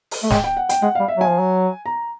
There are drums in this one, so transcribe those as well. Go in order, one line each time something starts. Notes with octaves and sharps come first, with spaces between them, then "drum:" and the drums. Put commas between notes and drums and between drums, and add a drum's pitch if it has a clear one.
drum: open hi-hat
A3
G#3 G5, drum: snare
G5
F#5
G5, drum: hi-hat
G#3 F#5
G3 F5
E5
F#3 G#5
F3
F#3
A#5